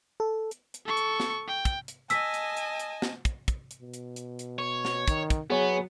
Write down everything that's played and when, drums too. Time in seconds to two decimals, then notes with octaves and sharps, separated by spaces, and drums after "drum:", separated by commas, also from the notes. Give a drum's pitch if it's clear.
0.20 A4
0.51 drum: hi-hat
0.74 drum: hi-hat
0.86 A4 C#6
0.97 drum: hi-hat
1.20 drum: snare
1.47 G5
1.65 drum: kick, hi-hat
1.88 drum: hi-hat
2.10 D#5 G#5 A5 E6 B6, drum: hi-hat
2.34 drum: hi-hat
2.57 drum: hi-hat
2.79 drum: hi-hat
3.02 drum: snare
3.25 drum: kick, hi-hat
3.48 drum: kick, hi-hat
3.71 drum: hi-hat
3.81 B2
3.94 drum: hi-hat
4.16 drum: hi-hat
4.39 drum: hi-hat
4.58 C#5
4.85 drum: snare
5.08 D#3, drum: kick, hi-hat
5.30 drum: kick, hi-hat
5.50 F#3 B3 G#4 C#5 G#5